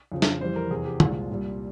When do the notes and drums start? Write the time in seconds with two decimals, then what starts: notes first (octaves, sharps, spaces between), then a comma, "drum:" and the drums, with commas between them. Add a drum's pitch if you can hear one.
0.12 F2 C#3 F3
0.22 drum: snare
0.41 F2 E3 G3 C5
0.56 A#4
0.71 E2 C3 E3 G#4
0.85 G4
1.00 C2 A#2 F3 G#3 F4, drum: tom
1.29 C2 A#2 G3